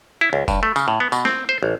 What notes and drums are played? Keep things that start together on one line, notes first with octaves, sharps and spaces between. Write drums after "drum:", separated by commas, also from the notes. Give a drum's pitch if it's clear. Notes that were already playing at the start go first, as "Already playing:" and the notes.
E4
C#2
G2, drum: kick F1, tambourine
A3
C#3, drum: tambourine
A2
B3
B2, drum: tambourine
C4, drum: snare
C5
A1